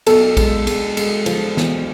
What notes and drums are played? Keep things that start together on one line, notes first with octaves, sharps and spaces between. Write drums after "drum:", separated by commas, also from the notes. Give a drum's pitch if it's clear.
B1 A4, drum: cymbal
G#3, drum: kick A#1, cymbal
G#3, drum: cymbal
G#3, drum: cymbal
F3, drum: cymbal
B1, drum: snare